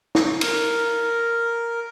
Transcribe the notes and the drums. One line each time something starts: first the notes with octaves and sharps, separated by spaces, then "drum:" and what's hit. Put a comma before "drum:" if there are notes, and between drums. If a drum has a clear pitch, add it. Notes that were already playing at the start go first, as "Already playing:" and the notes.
drum: snare
A#4, drum: cymbal